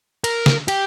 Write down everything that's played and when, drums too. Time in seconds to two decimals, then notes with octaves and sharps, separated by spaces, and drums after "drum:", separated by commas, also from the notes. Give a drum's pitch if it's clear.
0.24 A#4, drum: cymbal
0.46 drum: snare
0.68 G4, drum: cymbal